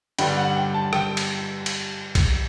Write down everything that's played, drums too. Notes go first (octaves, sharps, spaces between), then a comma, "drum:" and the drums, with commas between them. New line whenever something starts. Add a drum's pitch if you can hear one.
G2 D3 G3 G5, drum: cymbal
F#5
G5
A5
G5, drum: rim click
drum: cymbal
drum: cymbal
drum: kick B1, cymbal